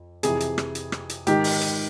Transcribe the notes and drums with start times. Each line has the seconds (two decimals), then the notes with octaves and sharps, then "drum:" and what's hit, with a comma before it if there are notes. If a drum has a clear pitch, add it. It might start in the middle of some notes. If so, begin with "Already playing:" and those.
Already playing: F2
0.23 F2 C3 E3 G#4, drum: hi-hat
0.40 drum: hi-hat
0.58 drum: rim click
0.75 drum: hi-hat
0.92 drum: rim click
1.09 drum: hi-hat
1.27 G#2 D#3 G4, drum: hi-hat
1.44 drum: open hi-hat
1.61 drum: hi-hat